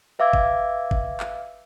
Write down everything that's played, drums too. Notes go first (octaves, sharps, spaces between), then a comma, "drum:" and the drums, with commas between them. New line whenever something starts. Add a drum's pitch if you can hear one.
B4 E5 F5 D6 E6 G#6
drum: kick F#1
drum: kick F#1
drum: clap